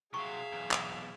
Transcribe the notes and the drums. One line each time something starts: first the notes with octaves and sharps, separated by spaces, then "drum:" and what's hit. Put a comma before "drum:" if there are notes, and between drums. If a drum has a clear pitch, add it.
C3 F#3 G#4 E5 F5 C#6
B1 E2
drum: clap